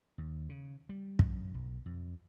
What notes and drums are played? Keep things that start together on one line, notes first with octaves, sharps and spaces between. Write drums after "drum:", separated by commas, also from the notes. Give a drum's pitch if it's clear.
D#2
C#3
G3
F#2, drum: kick
B1
F2